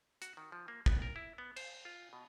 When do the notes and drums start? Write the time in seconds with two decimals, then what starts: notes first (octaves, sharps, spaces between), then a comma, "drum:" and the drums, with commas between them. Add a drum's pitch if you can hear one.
0.22 F#4, drum: hi-hat
0.37 D#3
0.52 F3
0.68 A#3
0.86 B3, drum: kick
1.02 A#4
1.16 E4
1.38 B3
1.56 C5, drum: cymbal
1.85 F4
2.13 B2